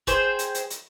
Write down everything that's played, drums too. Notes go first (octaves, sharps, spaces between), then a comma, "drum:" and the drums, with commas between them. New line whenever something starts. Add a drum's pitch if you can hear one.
G#4 C5 G5, drum: kick F#1, hi-hat
drum: hi-hat
drum: hi-hat
drum: hi-hat